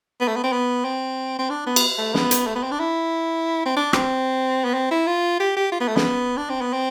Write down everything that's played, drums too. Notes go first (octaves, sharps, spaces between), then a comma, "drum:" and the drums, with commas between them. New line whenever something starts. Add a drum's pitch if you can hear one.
B3
A3
B3
C4
B3
C4
C4
D4
B3
drum: cymbal
A3
B3, drum: snare
drum: hi-hat
A3
B3
C4
D4
E4
C4
D4
C4, drum: rim click
B3
C4
E4
F4
G4
G4
F4
B3
A3
B3, drum: snare
D4
C4
B3
C4